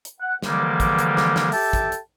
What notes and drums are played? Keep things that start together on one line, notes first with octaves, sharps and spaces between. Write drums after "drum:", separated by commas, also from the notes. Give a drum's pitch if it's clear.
drum: hi-hat
F#5
D3 E3 F3 G3 G#3 A#3, drum: snare
drum: kick, hi-hat
drum: hi-hat
drum: snare
drum: snare
G4 A4 E5 G5 A5, drum: open hi-hat
drum: kick, hi-hat
drum: hi-hat